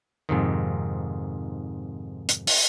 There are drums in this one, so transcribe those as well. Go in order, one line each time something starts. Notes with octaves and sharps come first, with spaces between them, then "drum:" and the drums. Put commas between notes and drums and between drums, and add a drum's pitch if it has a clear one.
F2 G#2 C3 D#3
drum: hi-hat
drum: open hi-hat